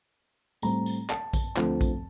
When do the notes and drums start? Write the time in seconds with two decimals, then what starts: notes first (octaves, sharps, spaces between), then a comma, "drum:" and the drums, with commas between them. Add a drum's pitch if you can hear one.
0.62 A2 G3 C4 A#5, drum: tambourine
0.86 drum: tambourine
1.10 A5, drum: clap
1.33 drum: kick A#1, tambourine
1.57 D2 D3 F3 C4, drum: clap
1.81 drum: kick A#1, tambourine